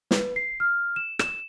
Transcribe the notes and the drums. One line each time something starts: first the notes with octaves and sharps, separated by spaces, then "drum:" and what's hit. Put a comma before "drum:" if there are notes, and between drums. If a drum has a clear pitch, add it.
B4, drum: snare
C7
F6
E7
E7, drum: rim click